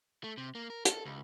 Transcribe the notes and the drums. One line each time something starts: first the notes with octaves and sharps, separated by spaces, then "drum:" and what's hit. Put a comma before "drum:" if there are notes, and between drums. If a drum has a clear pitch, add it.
A3
C3
A#3
A#4
A4, drum: hi-hat
C#2